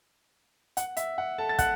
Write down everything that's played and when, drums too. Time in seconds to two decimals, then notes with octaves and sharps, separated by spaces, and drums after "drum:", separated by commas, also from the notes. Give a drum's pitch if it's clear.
0.77 F#5, drum: hi-hat
0.97 E5, drum: hi-hat
1.18 F#5
1.38 A4 A5
1.49 A6
1.59 F#5 F#6, drum: kick, hi-hat